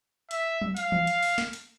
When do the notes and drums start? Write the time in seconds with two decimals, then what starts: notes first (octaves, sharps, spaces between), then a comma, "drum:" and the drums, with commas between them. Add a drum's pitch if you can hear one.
0.31 E5, drum: hi-hat
0.61 drum: tom F#3
0.77 F5, drum: hi-hat
0.92 drum: tom E3
1.07 drum: hi-hat
1.23 drum: open hi-hat
1.38 drum: snare
1.53 drum: hi-hat